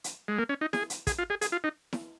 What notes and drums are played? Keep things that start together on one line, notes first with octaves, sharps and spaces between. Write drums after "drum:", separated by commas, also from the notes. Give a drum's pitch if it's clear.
drum: hi-hat
G#3
A#3
C#4
D#4
G#4, drum: snare E4
drum: hi-hat
G#4, drum: kick, hi-hat
F4
G#4
G#4, drum: hi-hat
F4
D#4
drum: snare E4